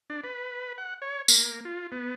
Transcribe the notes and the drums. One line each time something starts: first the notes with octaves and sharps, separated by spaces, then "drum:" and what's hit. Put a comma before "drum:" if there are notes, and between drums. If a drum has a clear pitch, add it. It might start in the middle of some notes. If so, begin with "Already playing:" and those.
D4
B4
F#5
C#5
A#3, drum: tambourine
F4
B3